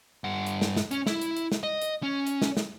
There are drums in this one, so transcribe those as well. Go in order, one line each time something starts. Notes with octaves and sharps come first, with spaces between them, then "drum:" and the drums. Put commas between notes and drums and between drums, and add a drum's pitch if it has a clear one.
G2 F#5
drum: hi-hat
drum: snare
drum: snare
C#4, drum: hi-hat
E4, drum: snare
drum: hi-hat
drum: hi-hat
drum: snare
D#5
drum: hi-hat
C#4
drum: hi-hat
drum: snare
drum: snare